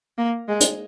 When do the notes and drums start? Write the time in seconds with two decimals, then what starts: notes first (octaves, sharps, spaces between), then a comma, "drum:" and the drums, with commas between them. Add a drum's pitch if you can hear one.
0.18 A#3
0.48 G#3
0.60 drum: hi-hat